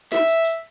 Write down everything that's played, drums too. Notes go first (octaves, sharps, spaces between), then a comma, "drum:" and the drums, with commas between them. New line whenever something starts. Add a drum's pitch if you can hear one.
E5, drum: snare
drum: tambourine
drum: tambourine